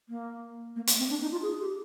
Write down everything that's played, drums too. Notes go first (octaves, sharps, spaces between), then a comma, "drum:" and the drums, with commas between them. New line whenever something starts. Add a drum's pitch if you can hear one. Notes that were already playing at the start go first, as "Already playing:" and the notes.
A#3
A#3
A#3, drum: hi-hat
C4
D4
D#4
F4
G#4
G4